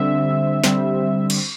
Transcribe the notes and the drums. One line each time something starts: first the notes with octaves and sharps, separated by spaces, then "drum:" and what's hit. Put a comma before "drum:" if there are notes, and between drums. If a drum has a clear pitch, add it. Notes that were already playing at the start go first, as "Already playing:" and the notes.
Already playing: D3 G3 C4 E5
D3 G3 C4, drum: snare
drum: cymbal